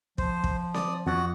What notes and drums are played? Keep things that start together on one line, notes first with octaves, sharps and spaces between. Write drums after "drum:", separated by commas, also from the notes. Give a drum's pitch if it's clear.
F3 C5, drum: kick
drum: kick
D5 D#6, drum: snare C4
F2 F#4 F#5